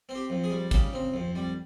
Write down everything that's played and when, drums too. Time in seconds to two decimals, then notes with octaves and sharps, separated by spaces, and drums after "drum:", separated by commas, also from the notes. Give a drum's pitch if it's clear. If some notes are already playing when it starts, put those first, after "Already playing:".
0.09 C4
0.15 G4
0.30 F2
0.44 G#4
0.50 G3
0.71 C#3 G4, drum: kick, hi-hat
0.93 C4
1.14 F2
1.35 G3